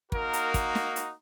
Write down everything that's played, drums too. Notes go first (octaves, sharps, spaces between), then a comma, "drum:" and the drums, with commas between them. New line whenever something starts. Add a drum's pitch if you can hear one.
A#3 D#4 F#4 A#4, drum: kick
drum: hi-hat
drum: kick, hi-hat
drum: snare
drum: hi-hat